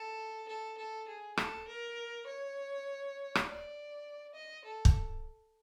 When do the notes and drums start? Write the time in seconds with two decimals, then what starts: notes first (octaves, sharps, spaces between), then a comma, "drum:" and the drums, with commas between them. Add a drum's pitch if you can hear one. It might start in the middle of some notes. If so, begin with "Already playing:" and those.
Already playing: A4
0.48 A4
0.78 A4
1.08 G#4
1.37 A4, drum: rim click
1.68 A#4
2.27 C#5
3.35 drum: rim click
3.46 D5
4.34 D#5
4.64 A4
4.85 drum: kick